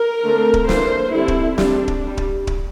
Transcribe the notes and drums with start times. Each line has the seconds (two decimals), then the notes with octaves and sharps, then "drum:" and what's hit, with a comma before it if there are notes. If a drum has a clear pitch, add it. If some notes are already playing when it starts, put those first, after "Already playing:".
Already playing: A#4
0.24 D3 A3 C4
0.54 drum: kick D1
0.69 E3 A#3 D4 C5, drum: snare
1.13 D3 G3 C4 E4
1.28 drum: kick D1
1.58 G3 C4 D4, drum: snare
1.88 drum: kick D1
2.02 G3 D4
2.17 drum: kick D1
2.47 drum: kick D1